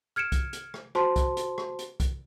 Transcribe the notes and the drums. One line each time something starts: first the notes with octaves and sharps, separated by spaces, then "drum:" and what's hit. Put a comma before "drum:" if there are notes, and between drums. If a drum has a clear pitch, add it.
F6 G#6 C#7 D7 E7
drum: kick, hi-hat
drum: hi-hat
drum: rim click
F#4 C5 A5 C6, drum: rim click
drum: kick, hi-hat
drum: hi-hat
drum: rim click
drum: hi-hat
drum: kick, hi-hat